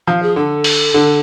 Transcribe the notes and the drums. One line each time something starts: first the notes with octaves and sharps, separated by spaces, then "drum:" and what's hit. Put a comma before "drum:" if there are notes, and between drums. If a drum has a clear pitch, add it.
F3 F5
G#4
D3 A4
drum: open hi-hat
D3